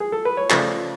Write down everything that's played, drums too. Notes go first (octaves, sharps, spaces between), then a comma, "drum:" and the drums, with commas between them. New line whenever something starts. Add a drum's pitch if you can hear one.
G#4
A4
B4
C#5
C#3 F3 A3 D5, drum: clap